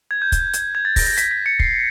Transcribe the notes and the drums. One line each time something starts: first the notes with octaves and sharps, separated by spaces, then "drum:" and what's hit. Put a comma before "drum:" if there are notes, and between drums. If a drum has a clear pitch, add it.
G#6
G6
drum: kick, hi-hat
drum: hi-hat
G#6
A6
A#6, drum: kick, open hi-hat
A#6
B6, drum: hi-hat
B6
C#7
C7, drum: kick